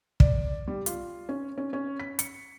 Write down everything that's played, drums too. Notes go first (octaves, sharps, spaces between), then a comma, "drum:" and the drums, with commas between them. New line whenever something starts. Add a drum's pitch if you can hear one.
D5, drum: kick
G3
F4, drum: hi-hat
C#4
C#4
C#4
B6
C#7, drum: hi-hat